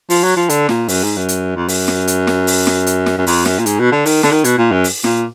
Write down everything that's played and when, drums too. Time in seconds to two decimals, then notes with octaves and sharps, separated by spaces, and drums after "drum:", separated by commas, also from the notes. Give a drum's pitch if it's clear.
0.10 F3, drum: open hi-hat
0.23 F#3
0.36 F3
0.49 D3, drum: hi-hat
0.69 A#2, drum: snare
0.88 F#2, drum: open hi-hat
1.03 G#2
1.17 F#2
1.29 drum: hi-hat
1.56 F2
1.68 F#2, drum: open hi-hat
1.88 drum: snare
2.08 drum: hi-hat
2.27 drum: snare
2.47 drum: open hi-hat
2.67 drum: snare
2.87 drum: hi-hat
3.06 drum: snare
3.18 F#2
3.27 F2, drum: open hi-hat
3.46 F#2, drum: snare
3.59 A#2
3.66 G#2, drum: hi-hat
3.79 B2
3.92 D3
4.06 D#3, drum: open hi-hat
4.23 D3, drum: snare
4.31 D#3
4.44 B2, drum: hi-hat
4.58 A#2
4.71 F#2
4.84 drum: open hi-hat
5.04 A#2, drum: snare